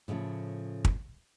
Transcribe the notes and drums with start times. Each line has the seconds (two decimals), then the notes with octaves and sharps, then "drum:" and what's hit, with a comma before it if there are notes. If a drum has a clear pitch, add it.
0.08 A2 C#3 F3 G3 A3
0.85 drum: kick